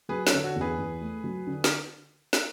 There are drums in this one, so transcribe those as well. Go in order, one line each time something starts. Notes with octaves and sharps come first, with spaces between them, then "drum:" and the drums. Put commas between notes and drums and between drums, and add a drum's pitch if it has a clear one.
F#3 G#4 B4
A4 C#5, drum: snare
D3
F#4 A4
E2
G#4 B4
E2
A3
F#3
D3
drum: snare
drum: snare